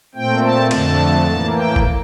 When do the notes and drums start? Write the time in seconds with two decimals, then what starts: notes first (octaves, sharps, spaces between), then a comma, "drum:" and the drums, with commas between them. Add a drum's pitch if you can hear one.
0.15 A#2 A3 C4 G5
0.43 A5
0.71 F2 D3 A3 A5, drum: cymbal
1.27 A2 E3 A#3
1.55 G5
1.76 drum: kick